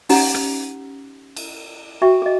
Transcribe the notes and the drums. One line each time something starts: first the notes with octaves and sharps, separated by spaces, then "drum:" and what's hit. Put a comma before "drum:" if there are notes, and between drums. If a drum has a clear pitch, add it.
C#4 D#4 G4 C#5 F#5 A#5, drum: open hi-hat
drum: rim click
drum: cymbal
F#4 E5 G5 C#6
G#4 D#5